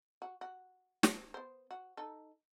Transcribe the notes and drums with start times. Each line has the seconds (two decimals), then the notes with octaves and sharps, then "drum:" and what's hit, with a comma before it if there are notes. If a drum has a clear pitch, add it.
0.22 F#4
0.41 F#4
1.03 drum: snare
1.34 B3 C5
1.71 F#4
1.97 D#4 A4